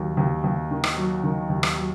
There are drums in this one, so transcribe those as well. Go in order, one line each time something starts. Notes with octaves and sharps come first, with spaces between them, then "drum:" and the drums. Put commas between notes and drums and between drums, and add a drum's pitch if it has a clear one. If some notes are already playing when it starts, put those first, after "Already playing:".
Already playing: D#2 F#3
D#2
D#2
D#3
drum: rim click
F#3
D#3
D#2
drum: rim click
F#3